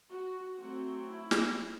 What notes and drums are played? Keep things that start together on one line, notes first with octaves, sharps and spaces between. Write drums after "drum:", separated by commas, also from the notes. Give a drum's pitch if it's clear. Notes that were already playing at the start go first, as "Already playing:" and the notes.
F#4
F#3 A3 C4 F#4
E4
drum: snare